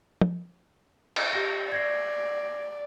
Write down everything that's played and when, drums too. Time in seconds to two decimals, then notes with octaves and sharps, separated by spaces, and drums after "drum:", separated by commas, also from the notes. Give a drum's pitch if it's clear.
0.21 drum: tom
1.16 drum: cymbal
1.33 G4 A#6
1.72 D5 G#6 A#6 C7